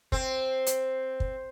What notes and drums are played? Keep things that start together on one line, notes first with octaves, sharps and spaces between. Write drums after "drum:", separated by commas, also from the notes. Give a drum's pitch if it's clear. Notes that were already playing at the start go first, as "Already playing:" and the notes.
C4, drum: kick
drum: hi-hat
drum: kick